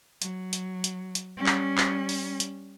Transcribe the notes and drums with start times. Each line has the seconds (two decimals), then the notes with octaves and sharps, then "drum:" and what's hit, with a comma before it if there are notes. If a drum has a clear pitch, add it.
0.22 F#3, drum: hi-hat
0.53 drum: hi-hat
0.84 drum: hi-hat
1.15 drum: hi-hat
1.37 G3 C#4
1.46 drum: clap
1.78 drum: clap
2.09 drum: open hi-hat
2.40 drum: hi-hat